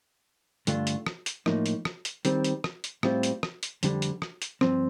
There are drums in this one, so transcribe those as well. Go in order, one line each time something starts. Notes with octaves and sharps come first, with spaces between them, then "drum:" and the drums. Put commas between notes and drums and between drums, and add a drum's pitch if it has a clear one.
G2 D3 A3 D4 F4, drum: hi-hat
drum: hi-hat
drum: rim click
drum: hi-hat
A2 F3 A#3 D#4, drum: rim click
drum: hi-hat
drum: rim click
drum: hi-hat
D#3 G3 C4, drum: hi-hat
drum: hi-hat
drum: rim click
drum: hi-hat
A2 G3 C4 F4, drum: rim click
drum: hi-hat
drum: rim click
drum: hi-hat
F2 D3 G3, drum: hi-hat
drum: hi-hat
drum: rim click
drum: hi-hat
G2 F3 C4, drum: rim click